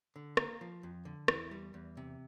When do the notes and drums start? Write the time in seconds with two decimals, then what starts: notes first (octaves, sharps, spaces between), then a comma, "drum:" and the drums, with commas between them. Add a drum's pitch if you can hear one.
0.16 D3
0.37 A#3, drum: rim click
0.61 F3
0.83 F2
1.05 D3
1.28 E2 E4, drum: rim click
1.51 G3
1.74 E2
1.97 C3